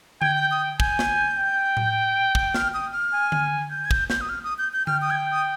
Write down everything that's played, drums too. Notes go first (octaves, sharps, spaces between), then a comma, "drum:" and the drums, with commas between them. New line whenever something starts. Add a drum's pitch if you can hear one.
G5 G#6, drum: tom D3
G6
D#6
G#5 G6, drum: kick
drum: snare
G5
drum: tom A2
drum: kick
F6, drum: snare
D#6
F6
G#5
drum: tom D3
G6
G#6
G6, drum: kick
G6, drum: snare
D#6
F6
D#6
G6
G6
G5 F6, drum: tom D3
D#6
G#6
G6
D#6